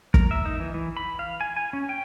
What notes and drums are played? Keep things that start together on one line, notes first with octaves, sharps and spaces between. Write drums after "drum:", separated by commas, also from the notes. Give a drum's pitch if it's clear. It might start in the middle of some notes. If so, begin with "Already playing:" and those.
A#4, drum: kick
E5
D#4
E3
E3
B5
F5
G#5
G#5
C#4
G5